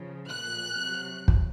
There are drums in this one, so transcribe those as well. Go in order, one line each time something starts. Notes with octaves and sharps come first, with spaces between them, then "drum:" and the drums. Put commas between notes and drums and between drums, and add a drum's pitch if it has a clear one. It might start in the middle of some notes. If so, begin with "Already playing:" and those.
Already playing: C#3 F3
A#2 F3 F#6
C3
F#3
drum: kick